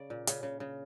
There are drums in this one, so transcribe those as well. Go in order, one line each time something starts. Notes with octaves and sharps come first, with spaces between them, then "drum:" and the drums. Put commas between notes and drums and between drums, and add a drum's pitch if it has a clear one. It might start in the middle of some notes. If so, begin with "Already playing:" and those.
Already playing: C#3 D5
A#2
C#3, drum: hi-hat
C#3
C#3